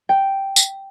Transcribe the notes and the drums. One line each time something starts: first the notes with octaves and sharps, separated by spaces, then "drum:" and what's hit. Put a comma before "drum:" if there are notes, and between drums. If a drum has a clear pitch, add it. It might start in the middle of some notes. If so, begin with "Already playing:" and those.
G5
drum: tambourine